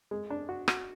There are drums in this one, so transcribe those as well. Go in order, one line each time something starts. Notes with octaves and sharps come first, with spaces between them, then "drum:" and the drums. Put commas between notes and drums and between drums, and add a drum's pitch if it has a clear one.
G#3
D4
F#4
F#4, drum: rim click